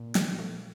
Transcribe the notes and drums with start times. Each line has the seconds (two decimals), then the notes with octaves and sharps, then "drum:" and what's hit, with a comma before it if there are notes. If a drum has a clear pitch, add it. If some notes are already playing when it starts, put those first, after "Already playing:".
Already playing: A#2
0.15 D#3 G3, drum: snare
0.39 F3 A3